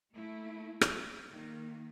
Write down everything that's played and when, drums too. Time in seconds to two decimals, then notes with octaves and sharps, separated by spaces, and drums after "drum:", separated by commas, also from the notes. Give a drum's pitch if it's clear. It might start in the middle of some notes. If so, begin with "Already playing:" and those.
0.14 A3 A#3 E4
0.81 drum: rim click
1.31 D#3 A#3